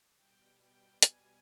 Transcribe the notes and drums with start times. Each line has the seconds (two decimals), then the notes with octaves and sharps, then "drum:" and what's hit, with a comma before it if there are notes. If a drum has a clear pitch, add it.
0.18 B2 G3 G5
0.60 G5
1.03 G#5, drum: hi-hat